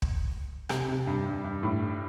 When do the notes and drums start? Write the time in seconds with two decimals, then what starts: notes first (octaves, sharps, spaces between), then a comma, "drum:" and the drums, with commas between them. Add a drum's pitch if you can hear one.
0.02 drum: kick
0.69 C3, drum: rim click
0.88 C3
1.07 G2
1.26 G2
1.44 G2
1.63 A2